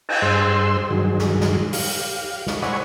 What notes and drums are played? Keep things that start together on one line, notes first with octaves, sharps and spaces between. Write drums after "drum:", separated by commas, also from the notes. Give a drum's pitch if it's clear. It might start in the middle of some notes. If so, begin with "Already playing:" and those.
drum: cymbal
G2 G#4 C5 C6 E6
G2 D#3 F#3 G#4
drum: snare
drum: snare
G4 F5, drum: open hi-hat
drum: snare
C5 D5 F#5 G#5 B5 C#6, drum: rim click